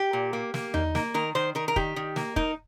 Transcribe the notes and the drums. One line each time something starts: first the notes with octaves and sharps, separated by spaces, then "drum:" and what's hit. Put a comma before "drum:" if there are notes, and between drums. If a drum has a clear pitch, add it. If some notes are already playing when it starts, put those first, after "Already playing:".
Already playing: G4
A#2
A#3
A#3, drum: snare
D#4, drum: tom E2
A#3, drum: snare
D#3 A#4
D#3 C5
D#3 A#4
A#4
D#3 G4, drum: kick
D#3
A#3, drum: snare
D#4 A#4, drum: kick